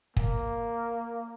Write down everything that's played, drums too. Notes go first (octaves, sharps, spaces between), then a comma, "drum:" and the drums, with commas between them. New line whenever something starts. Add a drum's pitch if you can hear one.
A#3, drum: kick